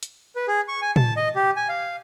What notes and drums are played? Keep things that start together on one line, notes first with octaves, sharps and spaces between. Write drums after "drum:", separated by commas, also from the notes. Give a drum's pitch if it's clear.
drum: hi-hat
B4
G#4
C#6
G#5
A5, drum: tom
D#5
G4
G#5
F5